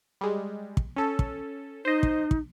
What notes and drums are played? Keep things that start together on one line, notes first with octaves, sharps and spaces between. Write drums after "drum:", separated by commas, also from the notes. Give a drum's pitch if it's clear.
G3 G#3
drum: kick
C#4 A4
drum: kick
D#4 C5 D#5
drum: kick
drum: kick